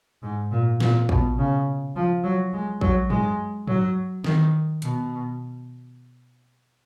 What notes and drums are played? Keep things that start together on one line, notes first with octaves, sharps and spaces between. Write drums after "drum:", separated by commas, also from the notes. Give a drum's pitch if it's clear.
G#2
A#2
A#2, drum: snare
B2, drum: kick
C#3
F3
F#3
G#3
F#3, drum: kick
G#3, drum: tom G2
F#3, drum: tom G2
D#3, drum: snare
B2, drum: hi-hat